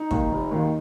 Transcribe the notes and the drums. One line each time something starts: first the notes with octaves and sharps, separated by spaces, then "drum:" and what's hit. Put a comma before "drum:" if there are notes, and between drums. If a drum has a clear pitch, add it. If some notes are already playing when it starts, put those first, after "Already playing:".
Already playing: D#4
D#2 D#3, drum: kick
F1
D#2 D#3